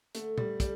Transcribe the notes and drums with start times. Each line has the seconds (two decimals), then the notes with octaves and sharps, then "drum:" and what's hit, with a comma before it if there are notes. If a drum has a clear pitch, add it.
0.15 D3 A3, drum: hi-hat
0.38 G2 G3, drum: tom A#2
0.60 G3 A3, drum: kick, hi-hat